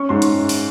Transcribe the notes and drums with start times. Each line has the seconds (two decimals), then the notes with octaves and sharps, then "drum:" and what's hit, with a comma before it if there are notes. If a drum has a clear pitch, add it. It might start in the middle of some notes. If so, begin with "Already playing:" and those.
Already playing: C#4 C#6
0.09 G#2 C6
0.22 drum: hi-hat
0.49 drum: open hi-hat